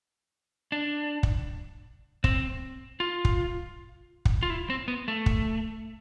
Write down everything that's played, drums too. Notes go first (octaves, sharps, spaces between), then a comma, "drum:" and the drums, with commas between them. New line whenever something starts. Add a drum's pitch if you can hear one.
D4
drum: kick
C4, drum: kick
F4
drum: kick
drum: kick
F4
E4
C4
B3
A3
drum: kick